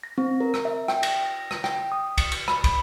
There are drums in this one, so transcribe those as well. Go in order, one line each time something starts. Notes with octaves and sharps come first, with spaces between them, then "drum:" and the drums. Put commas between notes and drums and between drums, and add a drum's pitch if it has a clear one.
A#6
C4
A#4
drum: rim click
E5
G5, drum: rim click
A#6, drum: cymbal
A#6
drum: rim click
G5, drum: rim click
D#6
C#7, drum: kick, cymbal
drum: cymbal
B5, drum: rim click
drum: kick, cymbal